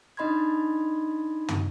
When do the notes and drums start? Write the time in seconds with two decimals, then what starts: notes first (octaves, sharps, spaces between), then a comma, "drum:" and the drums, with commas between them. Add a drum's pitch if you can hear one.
0.17 D4 D#4 D#5 B5 C6 G#6
1.49 drum: tom